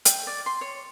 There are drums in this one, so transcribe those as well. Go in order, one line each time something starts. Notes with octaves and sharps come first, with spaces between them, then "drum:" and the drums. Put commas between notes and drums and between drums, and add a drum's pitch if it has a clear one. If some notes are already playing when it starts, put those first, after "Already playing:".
G5, drum: hi-hat
D5
C6
C#5